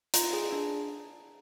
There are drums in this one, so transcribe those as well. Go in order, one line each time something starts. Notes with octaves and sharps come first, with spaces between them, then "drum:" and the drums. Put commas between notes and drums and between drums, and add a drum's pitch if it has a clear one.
F4 A#5, drum: hi-hat
G#4
D4